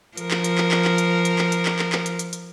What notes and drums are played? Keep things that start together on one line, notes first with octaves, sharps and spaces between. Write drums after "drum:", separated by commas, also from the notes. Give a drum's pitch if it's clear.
F3 A#4, drum: hi-hat
drum: clap
drum: hi-hat
drum: clap
drum: clap
drum: clap
drum: hi-hat
drum: hi-hat
drum: clap
drum: hi-hat
drum: clap
drum: clap
drum: clap
drum: hi-hat
drum: hi-hat
drum: hi-hat